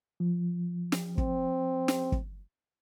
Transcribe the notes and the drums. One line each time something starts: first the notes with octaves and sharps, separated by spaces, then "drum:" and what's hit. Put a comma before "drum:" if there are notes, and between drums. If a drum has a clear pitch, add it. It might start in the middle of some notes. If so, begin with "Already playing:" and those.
F3
drum: snare
C4, drum: kick
drum: snare
drum: kick